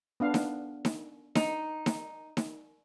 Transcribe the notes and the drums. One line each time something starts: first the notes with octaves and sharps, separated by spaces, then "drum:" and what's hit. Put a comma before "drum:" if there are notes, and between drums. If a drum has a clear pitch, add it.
B3 D4 F5
drum: snare D#4
drum: snare D#4
D#4, drum: snare D#4
drum: snare D#4
drum: snare D#4